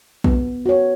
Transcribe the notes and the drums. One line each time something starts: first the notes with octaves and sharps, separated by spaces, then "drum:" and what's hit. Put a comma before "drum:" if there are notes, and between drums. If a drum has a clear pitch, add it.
B3, drum: kick A#1
F#4 C#5